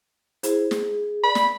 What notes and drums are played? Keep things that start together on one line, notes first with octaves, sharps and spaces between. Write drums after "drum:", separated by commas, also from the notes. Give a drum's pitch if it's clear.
E4 G#4 C5, drum: hi-hat
G#4, drum: snare
D5 B5
drum: snare